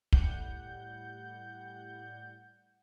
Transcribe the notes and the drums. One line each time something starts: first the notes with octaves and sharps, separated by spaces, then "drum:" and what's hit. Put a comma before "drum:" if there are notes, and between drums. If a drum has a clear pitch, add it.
A2 G3 F#5 G6, drum: kick